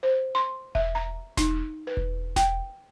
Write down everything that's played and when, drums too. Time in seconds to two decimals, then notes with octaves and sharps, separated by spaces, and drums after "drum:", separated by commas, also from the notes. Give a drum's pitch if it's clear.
0.03 C5
0.35 C6
0.75 E5, drum: kick E1
0.95 A#5
1.37 D#4, drum: snare E1
1.87 B4
1.97 drum: kick E1
2.36 G5, drum: snare E1